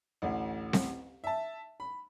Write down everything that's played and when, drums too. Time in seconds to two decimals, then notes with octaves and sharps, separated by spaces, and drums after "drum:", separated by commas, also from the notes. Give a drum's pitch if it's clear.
0.22 A1 D2
0.73 drum: snare C4
1.24 E5 A5
1.80 B5